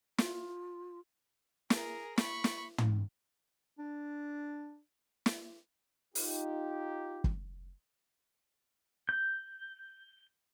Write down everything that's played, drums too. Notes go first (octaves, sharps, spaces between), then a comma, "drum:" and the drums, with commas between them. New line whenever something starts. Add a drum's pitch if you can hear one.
F4, drum: snare
G#4 A#4, drum: snare
B5 C#6, drum: snare
drum: snare
drum: tom
D4
drum: snare
D#4 F4 G4, drum: open hi-hat
drum: kick
G6